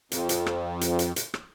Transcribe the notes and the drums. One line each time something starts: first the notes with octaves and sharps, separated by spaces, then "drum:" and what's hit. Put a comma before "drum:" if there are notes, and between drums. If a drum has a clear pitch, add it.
F2, drum: hi-hat
drum: hi-hat
drum: rim click
drum: hi-hat
drum: hi-hat
drum: hi-hat
drum: rim click